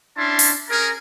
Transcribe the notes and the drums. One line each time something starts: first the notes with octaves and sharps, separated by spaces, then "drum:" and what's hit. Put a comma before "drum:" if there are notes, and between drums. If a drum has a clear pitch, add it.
C#4 D4 E4 A5 C6
drum: open hi-hat
C#4 G#4 A#4